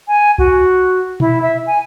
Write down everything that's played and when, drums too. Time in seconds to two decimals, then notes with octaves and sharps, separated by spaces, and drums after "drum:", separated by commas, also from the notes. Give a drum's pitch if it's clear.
0.08 G#5
0.38 F#4, drum: kick
1.20 E4, drum: tom A#2
1.42 E5
1.67 G#5